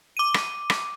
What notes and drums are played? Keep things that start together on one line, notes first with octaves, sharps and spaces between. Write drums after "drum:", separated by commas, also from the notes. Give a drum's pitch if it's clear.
D6 D#7
drum: rim click
drum: rim click